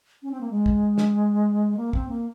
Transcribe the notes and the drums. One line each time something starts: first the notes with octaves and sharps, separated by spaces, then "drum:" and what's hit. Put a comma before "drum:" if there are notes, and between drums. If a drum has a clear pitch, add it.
C#4
C4
A#3
G#3
drum: kick
drum: snare
A#3
C4, drum: kick
A#3